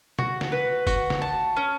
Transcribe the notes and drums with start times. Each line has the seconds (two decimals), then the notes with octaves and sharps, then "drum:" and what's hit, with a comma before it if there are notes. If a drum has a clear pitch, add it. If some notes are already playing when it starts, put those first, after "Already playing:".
0.19 F#4, drum: tom B2
0.41 drum: snare
0.52 B4
0.87 F#4, drum: kick, tambourine
1.10 drum: snare
1.22 A5
1.57 C#4